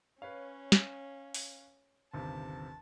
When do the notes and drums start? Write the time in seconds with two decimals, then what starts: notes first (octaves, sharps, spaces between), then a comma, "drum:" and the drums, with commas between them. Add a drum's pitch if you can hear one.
0.22 C#4 B4 C#5 F5
0.72 drum: snare
1.34 drum: open hi-hat
2.14 G1 D#2 C3 A5